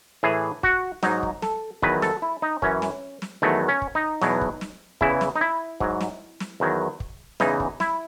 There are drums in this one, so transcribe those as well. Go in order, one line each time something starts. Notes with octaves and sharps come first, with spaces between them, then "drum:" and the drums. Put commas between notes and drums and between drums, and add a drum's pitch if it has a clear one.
A2 E3 G#4
F#4, drum: kick
G#2 F#3 D#4, drum: snare
drum: kick
A4, drum: snare
E2 D#3 F#3 B4, drum: kick
A4, drum: snare
E4
D#4
F#2 E3 C#4, drum: kick
drum: snare
drum: snare
E2 D#3 F#3 A3
C#4
drum: kick
D#4
E2 B2 F#3, drum: snare
drum: kick
drum: snare
E2 C#3 E3 E4, drum: kick
drum: snare
D#4
E4
G#2 F#3, drum: kick
drum: snare
drum: snare
E2 D#3 F#3
drum: kick
E2 C#3 E3 D#4, drum: snare
drum: kick
E4, drum: snare